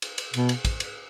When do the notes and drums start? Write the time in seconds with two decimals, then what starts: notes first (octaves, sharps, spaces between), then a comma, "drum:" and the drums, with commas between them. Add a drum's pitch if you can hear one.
0.02 drum: cymbal
0.18 drum: cymbal
0.34 B2, drum: cymbal
0.49 drum: cymbal
0.65 drum: kick, cymbal
0.80 drum: cymbal